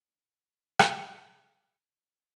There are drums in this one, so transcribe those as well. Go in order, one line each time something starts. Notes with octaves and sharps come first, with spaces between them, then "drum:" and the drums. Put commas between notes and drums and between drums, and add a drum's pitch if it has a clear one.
D2 D#3 D4 F7
drum: rim click